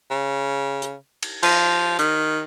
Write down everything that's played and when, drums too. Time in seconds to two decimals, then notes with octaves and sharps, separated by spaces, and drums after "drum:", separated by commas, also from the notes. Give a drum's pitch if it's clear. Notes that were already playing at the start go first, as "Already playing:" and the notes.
0.11 C#3
0.82 drum: hi-hat
1.22 drum: cymbal
1.43 F3, drum: cymbal
1.99 D#3, drum: hi-hat